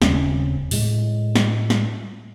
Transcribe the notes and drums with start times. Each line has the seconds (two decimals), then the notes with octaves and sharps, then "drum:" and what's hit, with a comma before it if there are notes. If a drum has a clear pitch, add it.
0.02 D#1 C#3 C4 C#4, drum: snare
0.71 A2 G#3, drum: open hi-hat
1.35 drum: snare
1.70 drum: snare